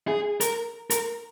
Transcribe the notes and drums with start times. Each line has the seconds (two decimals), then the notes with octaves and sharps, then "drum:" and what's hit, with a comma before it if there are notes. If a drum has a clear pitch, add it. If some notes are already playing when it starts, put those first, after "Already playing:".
0.08 G#4
0.41 A#4, drum: hi-hat
0.90 A#4, drum: hi-hat